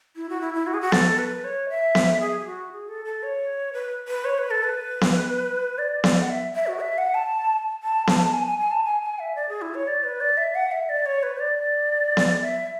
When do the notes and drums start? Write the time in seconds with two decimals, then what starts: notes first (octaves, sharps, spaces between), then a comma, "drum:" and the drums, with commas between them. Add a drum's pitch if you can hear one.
0.16 E4
0.29 F#4
0.41 E4
0.54 E4
0.67 F#4
0.74 G#4
0.81 F#4
0.92 A4, drum: snare B3
1.18 B4
1.44 C#5
1.69 E5
1.95 drum: snare B3
2.20 G#4
2.40 G#4
2.45 F#4
2.72 G#4
2.89 A4
3.05 A4
3.23 C#5
3.73 B4
4.08 B4
4.25 C#5
4.38 B4
4.51 A4
4.64 B4
5.01 drum: snare B3
5.78 D5
6.04 drum: snare B3
6.22 F#5
6.30 E5
6.55 E5
6.67 F#4
6.80 E5
6.98 F#5
7.14 A5
7.83 A5
8.07 A5, drum: snare B3
8.33 G#5
8.47 G#5
8.59 G#5
8.71 A5
8.84 G#5
9.02 G#5
9.19 E5
9.36 D5
9.49 G#4
9.62 E4
9.74 C#5
9.87 D5
10.03 B4
10.21 D5
10.37 E5
10.55 F#5
10.72 E5
10.89 D5
11.06 C#5
11.23 B4
11.40 D5
12.17 drum: snare B3
12.42 E5